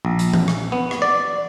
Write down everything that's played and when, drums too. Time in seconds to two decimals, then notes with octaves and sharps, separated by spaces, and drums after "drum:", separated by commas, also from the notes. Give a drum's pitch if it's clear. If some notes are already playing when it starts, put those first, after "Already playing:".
0.05 A#1
0.19 drum: hi-hat
0.33 drum: tom E3
0.48 drum: rim click
0.72 B3
0.91 drum: rim click
1.02 D5